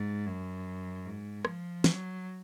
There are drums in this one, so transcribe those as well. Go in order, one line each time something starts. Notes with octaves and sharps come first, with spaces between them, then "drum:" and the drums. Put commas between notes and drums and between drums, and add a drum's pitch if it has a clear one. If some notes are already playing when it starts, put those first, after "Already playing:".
Already playing: G#2
F#2
G#2
F3, drum: rim click
F#3, drum: snare